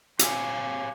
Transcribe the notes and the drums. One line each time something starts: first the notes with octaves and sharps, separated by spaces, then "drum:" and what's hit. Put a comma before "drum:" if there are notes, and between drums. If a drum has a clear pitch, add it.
C4 G4 C#5 F5 G#5, drum: hi-hat